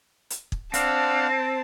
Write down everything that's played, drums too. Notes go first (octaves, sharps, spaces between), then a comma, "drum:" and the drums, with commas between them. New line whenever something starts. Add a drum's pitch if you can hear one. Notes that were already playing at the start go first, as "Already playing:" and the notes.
drum: hi-hat
drum: kick
C4 D4 F5 F#5 A5, drum: hi-hat